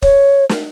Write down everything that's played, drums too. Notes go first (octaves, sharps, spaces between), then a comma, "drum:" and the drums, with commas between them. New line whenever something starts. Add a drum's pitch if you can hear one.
C#5, drum: kick
drum: snare